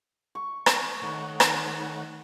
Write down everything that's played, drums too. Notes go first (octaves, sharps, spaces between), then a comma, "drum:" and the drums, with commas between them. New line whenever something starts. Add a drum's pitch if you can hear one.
C#6
drum: rim click
D#3 A3 C#5 F#5
drum: rim click